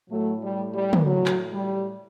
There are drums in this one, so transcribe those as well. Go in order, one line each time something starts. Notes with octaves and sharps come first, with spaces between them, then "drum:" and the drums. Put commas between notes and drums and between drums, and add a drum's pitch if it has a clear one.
A2 F#3 A3
G3
G3
drum: tom
F#3
drum: clap
G3